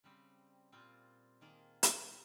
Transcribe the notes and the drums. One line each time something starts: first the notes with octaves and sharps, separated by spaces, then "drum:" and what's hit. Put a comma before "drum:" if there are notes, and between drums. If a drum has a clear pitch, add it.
C#3 G3 C4
A#2 G3 C4 F4
D#3 A#3 F4 G#4
drum: hi-hat